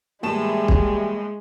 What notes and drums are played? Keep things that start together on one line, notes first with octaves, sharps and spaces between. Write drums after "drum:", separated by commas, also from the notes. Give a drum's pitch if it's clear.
A2 E3 G3 G#3 A#3 A5 E7
drum: kick